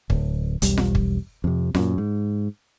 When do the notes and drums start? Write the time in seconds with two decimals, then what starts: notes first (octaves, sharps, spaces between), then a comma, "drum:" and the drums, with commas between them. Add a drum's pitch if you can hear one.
0.10 D1, drum: kick
0.62 E1 B1 G3, drum: hi-hat
0.78 drum: snare F4
0.95 drum: kick
1.44 F2 C3
1.75 F#2 A#2, drum: snare F4
1.98 G#2